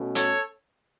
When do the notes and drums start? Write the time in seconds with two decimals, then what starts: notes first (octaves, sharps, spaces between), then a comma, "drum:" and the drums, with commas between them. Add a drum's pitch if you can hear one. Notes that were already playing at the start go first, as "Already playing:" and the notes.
Already playing: B2 A3 C#4
0.15 A4 C#5, drum: hi-hat